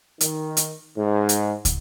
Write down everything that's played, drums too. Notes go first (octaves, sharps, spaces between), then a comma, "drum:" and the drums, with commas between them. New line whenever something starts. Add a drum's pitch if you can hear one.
D#3, drum: hi-hat
drum: hi-hat
G#2
drum: hi-hat
drum: kick, hi-hat